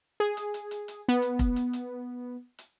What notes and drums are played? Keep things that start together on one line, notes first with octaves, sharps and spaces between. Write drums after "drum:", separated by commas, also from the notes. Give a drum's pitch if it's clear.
G#4
drum: hi-hat
drum: hi-hat
drum: hi-hat
drum: hi-hat
B3
drum: hi-hat
drum: kick F1, hi-hat
drum: hi-hat
drum: hi-hat
drum: hi-hat